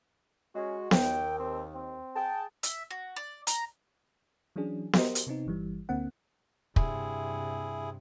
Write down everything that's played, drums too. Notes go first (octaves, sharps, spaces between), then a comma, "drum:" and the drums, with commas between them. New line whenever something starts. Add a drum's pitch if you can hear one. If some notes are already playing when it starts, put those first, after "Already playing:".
G#3 C#4 F#4
D#2 G5, drum: snare B3
C4
C4
G#4 G5 A5
E5, drum: hi-hat
F#4
D5
A#5, drum: hi-hat
E3 F#3 C#4 D4 G#4
F#4 G4 A#4 C5 D#5, drum: snare B3
drum: hi-hat
C3 B3 C4 D#4
G1 E3 G3
D2 D3 A#3 C4 F#5
G2 C3 E4 G#4, drum: kick